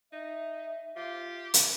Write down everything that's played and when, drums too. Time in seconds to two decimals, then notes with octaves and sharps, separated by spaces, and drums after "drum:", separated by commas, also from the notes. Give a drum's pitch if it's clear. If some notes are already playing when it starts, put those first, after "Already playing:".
0.12 D#4 E5
0.96 F4 G4
1.54 drum: hi-hat